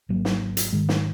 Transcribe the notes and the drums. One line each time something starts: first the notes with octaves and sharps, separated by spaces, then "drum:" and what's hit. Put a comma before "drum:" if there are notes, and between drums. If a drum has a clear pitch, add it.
G#1 G#2 F#3 A#3
drum: snare
drum: hi-hat
G#2 D#3 G#3
drum: snare